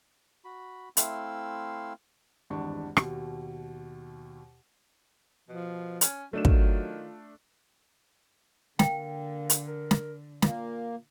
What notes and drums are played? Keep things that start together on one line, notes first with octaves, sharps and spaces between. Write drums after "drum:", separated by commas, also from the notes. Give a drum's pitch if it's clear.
F#4 B5
A3 C4 E4 F5 C6 E6, drum: hi-hat
G#1 E2 G2 D4 C#6
D#2 B2, drum: rim click
B2 F3
C#4, drum: hi-hat
D#3 F#3 A3 D4 F4 E7
drum: kick
D3 A#3 G5, drum: snare
drum: hi-hat
A#4
drum: snare
A#2 A#3, drum: snare